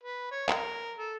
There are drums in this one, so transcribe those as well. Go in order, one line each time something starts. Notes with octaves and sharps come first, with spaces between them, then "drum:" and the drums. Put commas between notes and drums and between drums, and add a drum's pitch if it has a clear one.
B4
C#5
A#4, drum: clap
A4